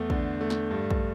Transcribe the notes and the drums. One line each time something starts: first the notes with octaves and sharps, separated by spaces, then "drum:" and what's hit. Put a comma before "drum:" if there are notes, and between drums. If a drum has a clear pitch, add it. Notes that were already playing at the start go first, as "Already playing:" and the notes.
Already playing: E2 A3
D3, drum: kick
A3
drum: snare
G2
drum: kick